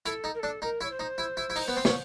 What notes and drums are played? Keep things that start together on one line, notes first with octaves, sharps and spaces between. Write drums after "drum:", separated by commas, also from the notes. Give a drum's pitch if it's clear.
E4 A4, drum: hi-hat
D#4
A#4
D4 A4
D#4 A#4
E4 C#5
C5
D#4
E4
E4
E4
D#4, drum: open hi-hat
B3
C4
C#4, drum: snare